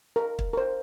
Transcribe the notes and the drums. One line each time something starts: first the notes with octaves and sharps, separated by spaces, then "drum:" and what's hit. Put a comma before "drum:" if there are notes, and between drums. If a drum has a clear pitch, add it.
A#4
drum: kick
A#4 C5